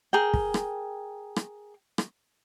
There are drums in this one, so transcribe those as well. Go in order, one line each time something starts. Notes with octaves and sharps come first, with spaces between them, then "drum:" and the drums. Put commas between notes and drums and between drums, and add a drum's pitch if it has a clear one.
G#4 A#4 G5
drum: kick
drum: rim click
drum: rim click
drum: rim click